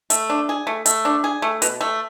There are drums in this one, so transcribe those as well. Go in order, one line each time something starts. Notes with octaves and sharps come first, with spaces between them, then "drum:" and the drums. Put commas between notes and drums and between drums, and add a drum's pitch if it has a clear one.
A3, drum: hi-hat
D4
G#4
A3
A3, drum: hi-hat
D4
G#4
A3
B2, drum: hi-hat
A3